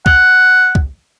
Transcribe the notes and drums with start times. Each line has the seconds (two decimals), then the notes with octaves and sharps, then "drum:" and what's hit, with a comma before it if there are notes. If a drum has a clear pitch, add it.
0.06 F#5, drum: kick
0.75 drum: kick